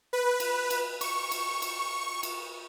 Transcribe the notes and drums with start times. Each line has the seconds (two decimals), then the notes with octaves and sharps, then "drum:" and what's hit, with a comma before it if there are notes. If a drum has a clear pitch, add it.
0.13 B4
0.40 drum: cymbal
0.70 drum: cymbal
1.01 C#6, drum: cymbal
1.31 drum: cymbal
1.62 drum: cymbal
2.23 drum: cymbal